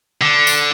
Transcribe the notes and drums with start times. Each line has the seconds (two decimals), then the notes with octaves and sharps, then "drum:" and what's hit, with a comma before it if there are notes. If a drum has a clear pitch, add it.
0.21 D3
0.47 drum: tambourine